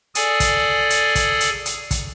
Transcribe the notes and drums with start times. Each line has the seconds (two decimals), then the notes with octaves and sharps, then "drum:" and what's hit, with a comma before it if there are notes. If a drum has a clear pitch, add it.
0.15 G#4 A4 D5 G#5, drum: hi-hat
0.40 drum: kick, hi-hat
0.90 drum: hi-hat
1.15 drum: kick, hi-hat
1.40 drum: hi-hat
1.66 drum: hi-hat
1.91 drum: kick, hi-hat